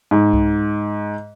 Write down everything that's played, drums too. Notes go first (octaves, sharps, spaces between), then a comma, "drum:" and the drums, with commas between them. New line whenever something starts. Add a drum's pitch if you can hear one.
G#2
drum: kick C2